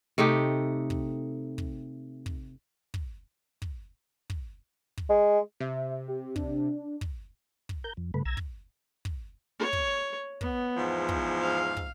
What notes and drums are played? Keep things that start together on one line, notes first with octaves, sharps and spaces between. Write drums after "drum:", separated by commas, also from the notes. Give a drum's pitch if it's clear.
C3 A3 D#4 G4
drum: kick
drum: kick
drum: kick
drum: kick
drum: kick
drum: kick
drum: kick
G#3
C3 E5
G4
D4, drum: kick
drum: kick
drum: kick
A#4 G6
F2
G2 C#3 A3 B4
B1 A#5 E6 G#6
drum: kick
drum: kick
C#5
drum: kick
B3, drum: kick
E2 G#2 F3
drum: kick
F5
drum: kick